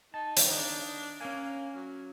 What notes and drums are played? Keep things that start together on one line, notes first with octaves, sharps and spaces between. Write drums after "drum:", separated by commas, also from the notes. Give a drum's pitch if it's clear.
D#4 A5
D#3 E3 G3, drum: hi-hat
D4 D#4
A#3 C#4 G#5
F#3